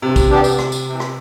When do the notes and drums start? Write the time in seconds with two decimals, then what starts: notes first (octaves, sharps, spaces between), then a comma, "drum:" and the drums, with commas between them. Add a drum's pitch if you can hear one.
0.02 G2 C3
0.16 drum: kick, tambourine
0.30 E3 B3 D4 G4
0.44 drum: tambourine
0.59 D2, drum: rim click
0.72 drum: tambourine
0.86 C3 E3
1.00 drum: rim click